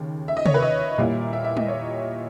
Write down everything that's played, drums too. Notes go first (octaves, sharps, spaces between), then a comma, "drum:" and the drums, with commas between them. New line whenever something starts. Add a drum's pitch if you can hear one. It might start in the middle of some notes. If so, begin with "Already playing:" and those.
Already playing: D#2 C#3
E5
D#5
C#5, drum: tom C3
B4
D#5
A#2 G3 A#3 E4
E5
E5
D#5, drum: tom G3
C#5